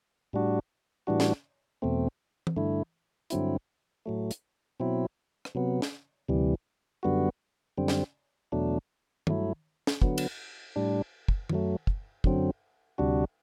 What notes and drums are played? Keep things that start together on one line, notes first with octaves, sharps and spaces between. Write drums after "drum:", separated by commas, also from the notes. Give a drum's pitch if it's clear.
A2 G3 D4 F#4
A2 E3 G3 D4 F#4
drum: snare
E2 B2 A3 C4
drum: tom E3
G2 D3 A3 E4
G2 D3 F#3 C4 E4, drum: hi-hat
A2 F#3 A3
drum: hi-hat
B2 F#3 C4 E4
drum: rim click
C3 F#3 B3
drum: snare
D2 C3 E3 G3
F#2 D3 G3 B3 F#4
F#2 D3 G3 C4
drum: snare
E2 B2 F#3 A3 D4
G2 F#3 A3 E4, drum: tom
drum: snare
D3 F#3 B3, drum: kick
drum: cymbal
A2 G3 D4
drum: kick
F#2 F#3 A3, drum: tom
drum: kick
F#2 D3 F#3 C4, drum: kick
D2 C3 G3 D4 F#4